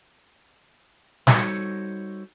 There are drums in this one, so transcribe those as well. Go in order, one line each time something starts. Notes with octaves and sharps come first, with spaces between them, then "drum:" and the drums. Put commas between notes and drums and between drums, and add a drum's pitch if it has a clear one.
G3 D#4 F#4 A4 C5 C#5, drum: snare